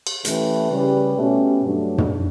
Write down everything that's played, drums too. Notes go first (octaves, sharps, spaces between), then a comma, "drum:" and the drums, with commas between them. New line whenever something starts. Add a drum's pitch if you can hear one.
drum: cymbal
E3 A3 C#4 G4 B4, drum: hi-hat
C#3 G3 C#4 G4 B4
B2 A3 C#4 G4
G2 F#3 A3 D4
drum: tom